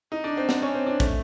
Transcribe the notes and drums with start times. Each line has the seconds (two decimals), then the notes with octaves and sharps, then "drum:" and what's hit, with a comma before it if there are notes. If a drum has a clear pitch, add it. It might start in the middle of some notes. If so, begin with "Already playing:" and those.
0.12 D#4
0.24 D4
0.37 C4
0.49 C4, drum: snare
0.62 C#4
0.74 C4
0.86 D4
1.00 A3, drum: kick, hi-hat